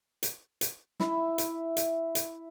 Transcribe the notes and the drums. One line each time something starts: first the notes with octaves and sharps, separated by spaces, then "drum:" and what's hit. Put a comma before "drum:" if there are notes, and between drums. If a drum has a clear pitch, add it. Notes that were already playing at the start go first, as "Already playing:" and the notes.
drum: hi-hat
drum: hi-hat
E4 E5, drum: snare
drum: hi-hat
drum: hi-hat
drum: hi-hat